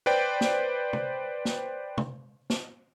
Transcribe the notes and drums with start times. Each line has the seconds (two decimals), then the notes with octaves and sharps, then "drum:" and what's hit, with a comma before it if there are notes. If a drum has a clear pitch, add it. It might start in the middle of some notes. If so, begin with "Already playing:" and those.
0.06 B4 C5 D5 G5
0.41 drum: snare
0.93 drum: tom
1.45 drum: snare
1.98 drum: tom
2.50 drum: snare